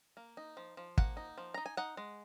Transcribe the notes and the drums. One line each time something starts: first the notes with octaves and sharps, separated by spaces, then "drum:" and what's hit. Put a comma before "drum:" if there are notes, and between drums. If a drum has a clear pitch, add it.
A#3
D#4
F3
F3
A#3 F#5, drum: kick
D#4
F3
D#4 A#5
G#5
D#4 F#5
G#3